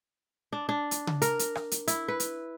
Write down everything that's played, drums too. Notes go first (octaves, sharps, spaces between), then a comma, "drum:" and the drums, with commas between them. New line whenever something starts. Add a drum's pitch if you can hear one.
D4
D4
drum: hi-hat
drum: tom C#3
A#4, drum: hi-hat
drum: hi-hat
drum: rim click
drum: hi-hat
E4, drum: hi-hat
B4
drum: hi-hat